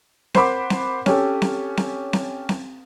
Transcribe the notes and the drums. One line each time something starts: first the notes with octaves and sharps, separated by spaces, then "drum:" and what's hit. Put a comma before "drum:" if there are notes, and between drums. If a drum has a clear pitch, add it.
A#4 C5 F#5 B5 D6, drum: snare C4
drum: snare C4
C#4 G4 A4, drum: snare C4
drum: snare C4
drum: snare C4
drum: snare C4
drum: snare C4